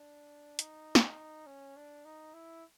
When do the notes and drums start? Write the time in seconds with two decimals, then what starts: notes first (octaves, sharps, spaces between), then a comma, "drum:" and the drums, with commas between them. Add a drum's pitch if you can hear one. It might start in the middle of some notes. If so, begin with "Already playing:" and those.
Already playing: D4
0.59 D#4, drum: hi-hat
0.95 drum: snare
1.46 C#4
1.76 D4
2.05 D#4
2.34 E4